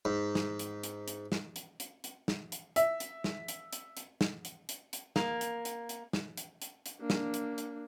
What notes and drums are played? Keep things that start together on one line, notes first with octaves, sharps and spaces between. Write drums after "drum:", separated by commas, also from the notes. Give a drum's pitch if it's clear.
G#2
drum: snare
drum: hi-hat
drum: hi-hat
drum: hi-hat
drum: snare
drum: hi-hat
drum: hi-hat
drum: hi-hat
drum: snare
drum: hi-hat
E5, drum: hi-hat
drum: hi-hat
drum: snare
drum: hi-hat
drum: hi-hat
drum: hi-hat
drum: snare
drum: hi-hat
drum: hi-hat
drum: hi-hat
A#3, drum: snare
drum: hi-hat
drum: hi-hat
drum: hi-hat
drum: snare
drum: hi-hat
drum: hi-hat
drum: hi-hat
A#3 D4
drum: snare
drum: hi-hat
drum: hi-hat